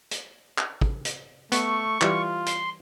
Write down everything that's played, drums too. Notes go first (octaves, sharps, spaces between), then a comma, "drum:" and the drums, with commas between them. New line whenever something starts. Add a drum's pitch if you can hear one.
drum: hi-hat
drum: clap
drum: kick
drum: hi-hat
A3 B3 C#6, drum: hi-hat
E3 G3 F4, drum: clap
C6, drum: hi-hat